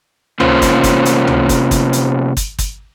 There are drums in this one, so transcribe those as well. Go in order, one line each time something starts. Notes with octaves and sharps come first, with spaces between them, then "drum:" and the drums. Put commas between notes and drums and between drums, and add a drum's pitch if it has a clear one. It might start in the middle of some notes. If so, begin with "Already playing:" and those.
C3 A#3 C#4 F4 C5, drum: tom
drum: kick, hi-hat
drum: kick, hi-hat
drum: hi-hat
drum: tom
drum: kick, hi-hat
drum: kick, hi-hat
drum: hi-hat
drum: kick, hi-hat
drum: kick, hi-hat